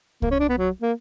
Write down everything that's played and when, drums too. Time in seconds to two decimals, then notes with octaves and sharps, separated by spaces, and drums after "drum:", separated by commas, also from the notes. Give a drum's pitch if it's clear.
0.22 A#3, drum: kick C2
0.31 C#4
0.39 D4
0.49 B3
0.58 F#3
0.82 A#3